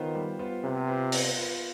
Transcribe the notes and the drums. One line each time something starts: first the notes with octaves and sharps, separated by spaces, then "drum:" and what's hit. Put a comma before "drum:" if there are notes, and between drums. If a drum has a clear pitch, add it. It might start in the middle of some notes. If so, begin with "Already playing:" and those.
Already playing: D#3 B3 F4 C5
G3
B3 F4 C5
C3 B3
F4 B4
B3, drum: open hi-hat
F4 B4